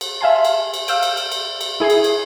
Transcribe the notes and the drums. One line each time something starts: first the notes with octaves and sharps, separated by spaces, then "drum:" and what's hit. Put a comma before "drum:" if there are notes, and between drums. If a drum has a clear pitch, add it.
drum: cymbal
E5 F5 G#5 A5 C6
drum: cymbal
drum: cymbal
F5 E6 G6 D7, drum: cymbal
drum: cymbal
drum: cymbal
drum: cymbal
drum: cymbal
E4 G#4 G#5 C7
drum: cymbal
drum: cymbal